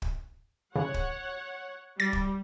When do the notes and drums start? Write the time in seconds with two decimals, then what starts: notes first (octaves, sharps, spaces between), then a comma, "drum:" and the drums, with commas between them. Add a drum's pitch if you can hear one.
0.02 drum: kick
0.76 C#3 C#5 F#5
0.94 drum: kick
2.00 G3 A6
2.13 drum: kick